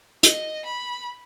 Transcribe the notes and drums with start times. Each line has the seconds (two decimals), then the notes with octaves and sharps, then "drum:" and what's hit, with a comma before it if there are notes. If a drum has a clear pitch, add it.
0.23 D#5, drum: hi-hat
0.65 B5